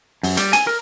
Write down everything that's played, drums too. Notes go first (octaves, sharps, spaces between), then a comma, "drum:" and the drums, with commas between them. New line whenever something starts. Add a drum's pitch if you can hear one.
F#2, drum: open hi-hat
G3, drum: hi-hat
G#5, drum: hi-hat
A#4